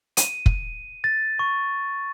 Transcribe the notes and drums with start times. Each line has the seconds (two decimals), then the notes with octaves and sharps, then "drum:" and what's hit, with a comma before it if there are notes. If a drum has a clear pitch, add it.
0.17 D#7, drum: hi-hat
0.46 drum: kick
1.04 A6
1.39 C#6